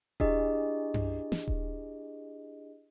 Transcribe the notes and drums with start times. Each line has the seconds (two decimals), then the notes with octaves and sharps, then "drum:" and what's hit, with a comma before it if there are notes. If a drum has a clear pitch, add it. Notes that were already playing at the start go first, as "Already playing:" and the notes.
0.20 D4 E4 G4 G#4 D#5, drum: kick D#1
0.94 drum: tom F#2
1.32 drum: snare
1.48 drum: kick D#1